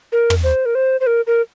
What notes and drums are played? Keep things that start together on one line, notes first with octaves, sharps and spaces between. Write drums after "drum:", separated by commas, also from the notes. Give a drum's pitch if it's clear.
A#4
drum: tom
C5
A#4
C5
C5
A#4
A#4